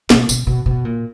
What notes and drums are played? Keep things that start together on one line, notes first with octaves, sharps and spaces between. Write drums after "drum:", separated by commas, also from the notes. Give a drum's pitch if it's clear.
B2, drum: snare
B2, drum: tambourine
B2
B2
A#2